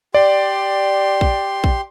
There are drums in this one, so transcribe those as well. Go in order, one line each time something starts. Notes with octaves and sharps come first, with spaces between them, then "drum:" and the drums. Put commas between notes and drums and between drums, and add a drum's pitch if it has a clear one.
G4 D5 C6
drum: kick A#1
drum: kick A#1